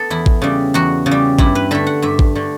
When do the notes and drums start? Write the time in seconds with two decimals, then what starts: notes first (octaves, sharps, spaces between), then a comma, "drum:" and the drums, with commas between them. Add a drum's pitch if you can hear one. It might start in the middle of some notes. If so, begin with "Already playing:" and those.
Already playing: B3 A4
0.10 E2 E4
0.26 drum: kick A1
0.42 C#3 G3
0.74 E2 F#4
1.06 C#3
1.11 G3
1.39 G2 E4, drum: kick A1
1.55 B4
1.71 D3 A3 E5
1.87 F#5
2.02 G2 E5
2.19 drum: kick A1
2.35 D3 A3